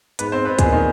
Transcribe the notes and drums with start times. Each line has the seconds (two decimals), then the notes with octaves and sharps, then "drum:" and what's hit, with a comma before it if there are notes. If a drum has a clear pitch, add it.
0.19 G#2 B3 B4, drum: hi-hat
0.32 C4 C5
0.45 B3 B4
0.59 A#2 G#3 G#4, drum: kick, hi-hat
0.72 D#3 D#4